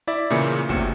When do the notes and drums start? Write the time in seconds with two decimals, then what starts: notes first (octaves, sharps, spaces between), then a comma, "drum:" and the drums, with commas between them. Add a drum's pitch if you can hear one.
0.07 E4 D5 E5
0.30 A#2 C#3 E3 A#3 C#7
0.69 D2 C3 F#3 C#7 E7, drum: kick